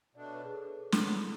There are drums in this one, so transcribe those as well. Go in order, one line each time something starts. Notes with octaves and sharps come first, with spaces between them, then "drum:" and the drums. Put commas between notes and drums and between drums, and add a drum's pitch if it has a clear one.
B2 A3 D4 D5
C#5
B4
G#4
A4
D3 F#3 B3, drum: snare